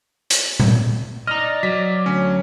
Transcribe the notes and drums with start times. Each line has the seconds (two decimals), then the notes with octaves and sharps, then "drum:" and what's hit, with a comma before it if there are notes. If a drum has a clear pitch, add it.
0.30 drum: hi-hat
0.60 drum: tom A#2
1.27 D5 D#5 A#5 F6
1.63 F#3 B6
2.06 D2 C#4